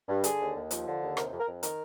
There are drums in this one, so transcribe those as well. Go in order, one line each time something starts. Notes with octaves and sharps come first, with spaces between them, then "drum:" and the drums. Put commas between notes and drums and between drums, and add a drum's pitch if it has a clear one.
G2
D3 G#4, drum: hi-hat
D#2
D#2
F3, drum: hi-hat
D3
D#2
C3 A#4, drum: rim click
F2
A#4
F2
D#3 A#4, drum: hi-hat